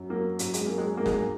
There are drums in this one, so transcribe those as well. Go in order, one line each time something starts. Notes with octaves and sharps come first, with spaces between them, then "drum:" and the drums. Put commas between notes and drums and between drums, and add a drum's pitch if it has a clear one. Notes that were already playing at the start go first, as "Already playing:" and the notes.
Already playing: F#2
F#3 A#3
F#2, drum: hi-hat
G#3, drum: hi-hat
F#3 A#3
G#3
G#2 A#3
G#3, drum: snare
A#3